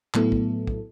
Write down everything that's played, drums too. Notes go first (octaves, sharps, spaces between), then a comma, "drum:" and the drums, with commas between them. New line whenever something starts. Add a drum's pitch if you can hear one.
A2 F#3 A3 B3 E4 A4, drum: clap
drum: kick
drum: kick